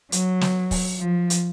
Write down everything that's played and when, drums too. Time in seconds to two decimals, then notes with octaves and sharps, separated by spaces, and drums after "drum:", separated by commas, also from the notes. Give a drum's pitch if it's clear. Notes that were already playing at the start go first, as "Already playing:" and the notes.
0.12 F#3, drum: hi-hat
0.41 drum: snare
0.71 drum: kick, open hi-hat
1.00 F3
1.30 drum: hi-hat